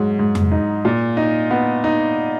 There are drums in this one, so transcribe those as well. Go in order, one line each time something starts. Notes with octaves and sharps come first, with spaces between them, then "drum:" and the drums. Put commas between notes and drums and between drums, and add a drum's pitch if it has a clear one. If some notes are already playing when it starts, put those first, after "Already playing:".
Already playing: G#2 F#3
G#2
drum: tom F2
D#4
A#2
D#4
B3
D#4